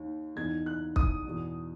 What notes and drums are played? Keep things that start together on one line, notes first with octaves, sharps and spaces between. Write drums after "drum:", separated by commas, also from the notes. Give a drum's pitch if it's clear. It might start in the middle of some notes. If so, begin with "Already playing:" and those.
Already playing: D#2 D#3
E2 D#3 G#6
F#6
D#6, drum: kick
E2 B2